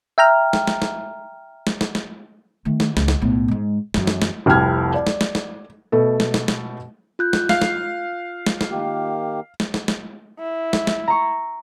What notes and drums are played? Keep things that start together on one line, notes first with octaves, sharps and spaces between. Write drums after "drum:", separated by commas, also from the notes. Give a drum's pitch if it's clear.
E5 G5 A#5 F6
drum: snare
drum: snare
drum: snare
drum: snare
drum: snare
drum: snare
D#3 A3
drum: snare
C#2, drum: snare
drum: snare
B1 A2
G#2 G#3
F#2 E3, drum: snare
drum: snare
drum: snare
F1 C2 G3 G4 F6 G#6
D5
drum: snare
drum: snare
drum: snare
B2 A3 A4
drum: snare
drum: snare
drum: snare
F4 F#6 G6
drum: snare
F5, drum: snare
drum: snare
drum: snare
drum: snare
D#3 A#3 G4
drum: snare
drum: snare
drum: snare
E4
drum: snare
drum: snare
A#5 C#6